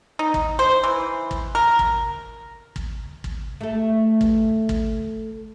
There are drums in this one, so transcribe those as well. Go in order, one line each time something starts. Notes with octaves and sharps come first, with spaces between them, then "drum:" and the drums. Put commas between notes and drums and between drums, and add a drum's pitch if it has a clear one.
D#4
drum: kick
C5
E3
drum: kick
A#4
drum: kick
drum: kick
drum: kick
A3 A4
drum: kick
drum: kick